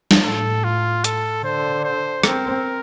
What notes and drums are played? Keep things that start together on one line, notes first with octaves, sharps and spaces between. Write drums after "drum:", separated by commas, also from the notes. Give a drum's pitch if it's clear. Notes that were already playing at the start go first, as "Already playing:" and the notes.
drum: snare
A2 A4
F4
A4, drum: hi-hat
D3 C5
C5
C4 A#4, drum: rim click